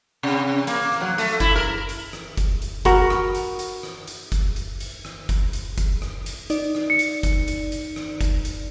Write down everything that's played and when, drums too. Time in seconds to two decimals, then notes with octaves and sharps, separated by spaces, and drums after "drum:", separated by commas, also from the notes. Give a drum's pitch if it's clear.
0.23 C3
0.67 A#3, drum: hi-hat
0.92 drum: rim click
1.01 F#3
1.18 A3, drum: hi-hat
1.40 E4, drum: kick F#1, hi-hat
1.56 A#4
1.89 drum: hi-hat
2.13 drum: rim click
2.37 drum: kick F#1, hi-hat
2.62 drum: hi-hat
2.85 F#4 A#4 B5, drum: kick F#1, hi-hat
3.10 drum: rim click
3.35 drum: hi-hat
3.59 drum: hi-hat
3.83 drum: rim click
4.08 drum: hi-hat
4.32 drum: kick F#1, hi-hat
4.56 drum: hi-hat
4.80 drum: hi-hat
5.05 drum: rim click
5.29 drum: kick F#1, hi-hat
5.53 drum: hi-hat
5.78 drum: kick F#1, hi-hat
6.02 drum: rim click
6.26 drum: hi-hat
6.50 D#4 D5, drum: hi-hat
6.75 drum: rim click
6.90 C#7
6.99 drum: hi-hat
7.23 drum: kick F#1, hi-hat
7.48 drum: hi-hat
7.72 drum: hi-hat
7.96 drum: rim click
8.21 drum: kick F#1, hi-hat
8.45 drum: hi-hat